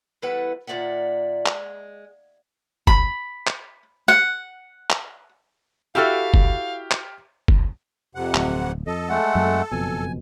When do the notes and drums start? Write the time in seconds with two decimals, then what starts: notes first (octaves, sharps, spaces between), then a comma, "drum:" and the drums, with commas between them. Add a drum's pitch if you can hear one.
0.22 E2 G3 E4 A4 B4 F#5
0.67 D#2 A#2 D5 E5 F#5
1.46 G#3, drum: clap
2.87 B5, drum: kick
3.47 drum: clap
4.08 F#5
4.90 drum: clap
5.95 E4 F#4 G4 A4 F5 G5 F6
6.34 drum: kick
6.91 drum: clap
7.48 drum: kick
8.15 F2 C3 F#5
8.35 D1, drum: clap
8.87 F2 A4 D#5
9.09 G#3 A3 F#5
9.35 F#2 F#3 A#3
9.72 F#1 F2 B2 G#5